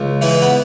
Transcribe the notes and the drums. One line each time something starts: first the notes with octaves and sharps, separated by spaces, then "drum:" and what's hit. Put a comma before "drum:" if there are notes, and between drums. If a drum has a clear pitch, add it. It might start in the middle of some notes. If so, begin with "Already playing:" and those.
Already playing: C#2
E3, drum: open hi-hat
B3